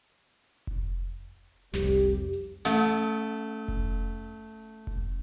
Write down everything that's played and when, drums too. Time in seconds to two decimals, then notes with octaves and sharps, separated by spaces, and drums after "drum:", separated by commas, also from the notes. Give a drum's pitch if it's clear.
0.67 drum: kick F1
1.73 F1 C2 G4, drum: snare
2.33 drum: hi-hat
2.65 A3 C#4, drum: snare
3.68 drum: kick F1
4.87 drum: kick F1